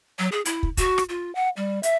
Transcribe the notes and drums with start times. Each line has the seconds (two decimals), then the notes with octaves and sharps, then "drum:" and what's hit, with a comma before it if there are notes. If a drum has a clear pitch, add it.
0.19 F#3
0.32 G#4
0.45 E4, drum: hi-hat
0.63 drum: kick
0.77 F#4, drum: kick, hi-hat
0.98 drum: rim click
1.09 F4
1.35 F#5
1.57 G3
1.83 E5, drum: hi-hat